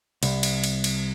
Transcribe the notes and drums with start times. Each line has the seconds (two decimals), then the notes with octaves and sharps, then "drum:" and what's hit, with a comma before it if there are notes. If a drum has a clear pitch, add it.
0.23 C2, drum: cymbal
0.43 drum: cymbal
0.64 drum: cymbal
0.84 drum: cymbal